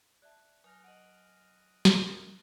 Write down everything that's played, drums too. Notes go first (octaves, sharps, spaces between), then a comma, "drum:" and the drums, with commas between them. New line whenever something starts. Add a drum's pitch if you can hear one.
D5 E5 A5 F#6
F#3 G#5 D#6 F6 A#6 F7
D#5 F#5 D7 D#7 F#7
drum: snare
C#4 D4 A#4 A6 C#7